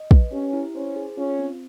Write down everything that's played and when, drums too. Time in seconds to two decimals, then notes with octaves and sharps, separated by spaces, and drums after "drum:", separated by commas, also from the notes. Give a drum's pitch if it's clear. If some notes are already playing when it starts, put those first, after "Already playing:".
Already playing: D#5
0.11 B4, drum: kick
0.32 C#4 G4
0.53 E4
0.74 C#4 C5
0.96 G#4
1.17 C#4 F4
1.39 C4